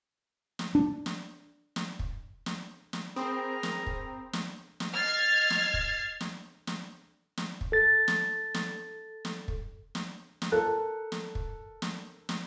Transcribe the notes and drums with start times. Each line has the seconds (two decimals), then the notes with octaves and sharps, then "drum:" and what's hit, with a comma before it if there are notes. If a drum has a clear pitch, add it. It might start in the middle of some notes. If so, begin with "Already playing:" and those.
0.59 drum: snare
0.75 D4
1.06 drum: snare
1.76 drum: snare
1.99 drum: kick
2.46 drum: snare
2.93 drum: snare
3.16 C4 G#4 A#4 A#5 B5 D#6
3.63 drum: snare
3.87 drum: kick
4.33 drum: snare
4.80 drum: snare
4.92 D#5 F6 G#6 A6 C7
5.50 drum: snare
5.74 drum: kick
6.21 drum: snare
6.67 drum: snare
7.37 drum: snare
7.61 drum: kick
7.72 A4 A6
8.08 drum: snare
8.54 drum: snare
9.25 drum: snare
9.48 drum: kick
9.95 drum: snare
10.42 drum: snare
10.52 A4 A#4 F#6
11.12 drum: snare
11.35 drum: kick
11.82 drum: snare
12.29 drum: snare